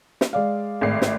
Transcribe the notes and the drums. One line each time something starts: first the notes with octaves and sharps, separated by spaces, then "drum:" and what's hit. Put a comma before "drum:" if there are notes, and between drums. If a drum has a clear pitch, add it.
drum: snare
G#3 D5 F5
G#1 A2 C7
drum: snare